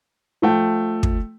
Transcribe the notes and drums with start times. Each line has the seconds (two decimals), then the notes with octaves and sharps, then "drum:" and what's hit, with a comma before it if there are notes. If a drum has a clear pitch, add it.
0.42 F3 A3 G5
1.03 drum: kick